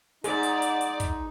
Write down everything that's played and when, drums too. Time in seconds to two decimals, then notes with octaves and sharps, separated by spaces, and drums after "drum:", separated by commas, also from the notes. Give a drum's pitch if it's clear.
0.24 G#2 D#4 G#4 D5, drum: hi-hat
0.43 drum: hi-hat
0.62 drum: hi-hat
0.81 drum: hi-hat
1.00 drum: kick, hi-hat